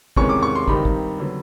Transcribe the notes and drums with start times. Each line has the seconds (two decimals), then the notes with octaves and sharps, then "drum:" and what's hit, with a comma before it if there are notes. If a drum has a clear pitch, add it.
0.17 E2 C3 D#3 G#3 C#4 C#6, drum: kick
0.29 D6
0.43 C#6
0.55 C6
0.68 G2 D#3 G3 C4 D#4 B5, drum: kick
0.85 drum: kick
1.19 D3 F#3 B3